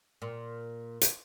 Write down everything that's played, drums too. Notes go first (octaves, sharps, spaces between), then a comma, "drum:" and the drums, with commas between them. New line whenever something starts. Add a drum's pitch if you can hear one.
A#2
drum: hi-hat